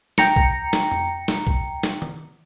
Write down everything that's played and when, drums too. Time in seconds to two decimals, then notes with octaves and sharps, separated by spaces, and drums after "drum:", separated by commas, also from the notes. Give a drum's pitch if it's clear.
0.18 G5 A#5 C#7, drum: snare
0.36 drum: kick B1
0.73 drum: snare
0.91 drum: tom F2
1.28 drum: snare
1.47 drum: kick B1
1.83 drum: snare
2.02 drum: tom D#3